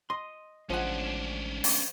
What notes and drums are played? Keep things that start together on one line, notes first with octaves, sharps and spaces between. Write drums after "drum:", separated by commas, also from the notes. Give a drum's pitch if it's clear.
D#5 C6
A1 D2 G#2 F3 C#4 D4 F#5
drum: open hi-hat